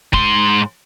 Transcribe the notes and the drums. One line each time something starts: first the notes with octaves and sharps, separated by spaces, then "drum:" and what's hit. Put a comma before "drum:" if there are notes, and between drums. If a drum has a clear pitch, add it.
G#2 C6, drum: kick